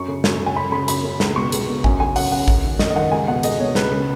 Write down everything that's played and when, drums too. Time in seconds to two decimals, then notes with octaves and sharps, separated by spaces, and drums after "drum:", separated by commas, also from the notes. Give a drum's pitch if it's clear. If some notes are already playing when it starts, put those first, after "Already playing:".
Already playing: F#2 C#6
0.08 C#3
0.24 F#2, drum: snare
0.40 C#3
0.46 G#5
0.56 F#2 B5
0.72 C#3 B5
0.88 F#2 B5, drum: hi-hat
1.04 C#3
1.20 C#2, drum: snare
1.36 B2 C#6
1.52 C#2, drum: hi-hat
1.68 B2
1.84 F#2 G#5, drum: kick A1
2.00 C#3 G#5
2.16 F#2 F#5, drum: open hi-hat
2.32 C#3 F#5
2.48 F#2, drum: kick A1
2.64 D#3
2.79 F#2 D#5, drum: snare
2.90 D#5
2.95 D#3 F#5
3.12 C#2 G#5
3.28 B2 F#5
3.43 C#2 D#5, drum: hi-hat
3.60 B2 C#5
3.75 C#2 B4, drum: snare
3.92 C#3